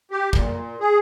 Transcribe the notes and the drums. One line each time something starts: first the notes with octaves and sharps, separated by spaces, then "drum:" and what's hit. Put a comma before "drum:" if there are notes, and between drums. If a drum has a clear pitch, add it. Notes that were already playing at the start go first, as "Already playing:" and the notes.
G4
A#2, drum: kick
G#4